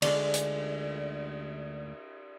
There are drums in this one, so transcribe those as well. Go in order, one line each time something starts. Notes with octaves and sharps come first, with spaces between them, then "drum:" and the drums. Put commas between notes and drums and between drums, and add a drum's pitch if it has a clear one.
D2 D3 G#3 D5, drum: cymbal
drum: hi-hat